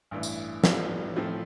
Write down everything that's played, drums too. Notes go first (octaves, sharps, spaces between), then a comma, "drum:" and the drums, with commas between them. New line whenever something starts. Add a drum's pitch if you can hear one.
A1 G2 E3 A3
drum: tambourine
A2 G3 B3 F4 A4, drum: snare
A2 F3 C4 F4 A4